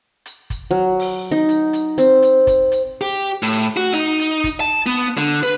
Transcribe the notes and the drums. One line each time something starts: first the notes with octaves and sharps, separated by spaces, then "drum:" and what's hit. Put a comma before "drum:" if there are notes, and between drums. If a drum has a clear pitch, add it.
drum: hi-hat
drum: kick, hi-hat
F#3
drum: open hi-hat
D#4
drum: hi-hat
drum: hi-hat
C4, drum: hi-hat
drum: hi-hat
drum: kick, hi-hat
drum: hi-hat
G4
A2, drum: hi-hat
F#4
D#4, drum: hi-hat
drum: hi-hat
drum: kick, hi-hat
A5
B3
D3, drum: hi-hat
B4